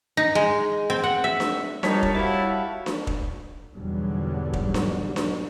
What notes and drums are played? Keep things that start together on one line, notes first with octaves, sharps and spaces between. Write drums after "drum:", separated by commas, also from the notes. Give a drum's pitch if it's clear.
D#4
G#3
C4
F#5
E5
drum: snare D4
G3 D#4 F4 A#4 C5 C#5 A5 B6, drum: snare D4
drum: kick
E4 F#4 F5 F#5
drum: snare D4
drum: kick
E2 G#2 B2 D3 F#3 G3
drum: kick
drum: snare D4
drum: snare D4